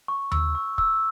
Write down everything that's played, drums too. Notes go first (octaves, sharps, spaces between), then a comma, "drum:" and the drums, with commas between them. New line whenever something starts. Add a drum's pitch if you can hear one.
C#6
E6, drum: tom D#2
C#6
E6, drum: kick